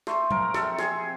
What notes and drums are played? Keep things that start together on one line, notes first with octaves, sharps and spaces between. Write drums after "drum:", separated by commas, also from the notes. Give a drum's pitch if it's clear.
A3 C5, drum: snare
F3 A#4, drum: tom A#2
C3 A4, drum: snare
C4 G#4, drum: snare